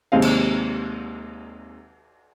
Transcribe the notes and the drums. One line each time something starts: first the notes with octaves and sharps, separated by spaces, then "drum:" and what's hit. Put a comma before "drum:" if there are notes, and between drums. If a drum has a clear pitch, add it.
D#2 C3 G#3 C4 D#5 F5
drum: cymbal